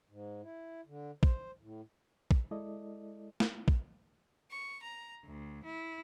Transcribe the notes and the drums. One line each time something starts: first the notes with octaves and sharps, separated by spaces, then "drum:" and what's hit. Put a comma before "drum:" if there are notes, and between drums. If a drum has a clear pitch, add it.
G#2
E4
D3
C5, drum: kick A#1
A2
drum: kick A#1
G#3 E4 A4 D5 D#5
drum: snare
drum: kick A#1
C#6
A#5
D2
E4